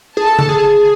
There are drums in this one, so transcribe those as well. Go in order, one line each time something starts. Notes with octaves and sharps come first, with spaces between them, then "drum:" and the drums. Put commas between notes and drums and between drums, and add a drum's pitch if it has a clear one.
G#4 A5
A4
A4, drum: tom
G#4